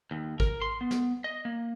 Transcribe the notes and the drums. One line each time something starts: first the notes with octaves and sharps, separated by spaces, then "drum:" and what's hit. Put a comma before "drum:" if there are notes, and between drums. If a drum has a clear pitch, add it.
D#2
A#4, drum: kick G#1
C6
B3
drum: snare
D#5
A#3